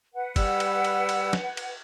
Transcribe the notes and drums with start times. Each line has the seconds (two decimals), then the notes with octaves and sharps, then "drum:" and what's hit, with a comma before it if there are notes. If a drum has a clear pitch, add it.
0.14 B4 F#5
0.36 G3 E6, drum: kick, cymbal
0.60 drum: cymbal
0.85 drum: cymbal
1.09 drum: cymbal
1.33 drum: snare
1.57 drum: cymbal